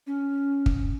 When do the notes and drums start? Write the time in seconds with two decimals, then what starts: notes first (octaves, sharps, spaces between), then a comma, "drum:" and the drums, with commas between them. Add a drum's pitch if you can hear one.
0.07 C#4
0.66 drum: kick